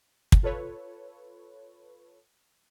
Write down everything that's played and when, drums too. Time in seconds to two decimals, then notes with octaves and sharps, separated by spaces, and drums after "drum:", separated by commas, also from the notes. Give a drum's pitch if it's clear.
0.32 drum: kick
0.43 F4 A4 B4 C#5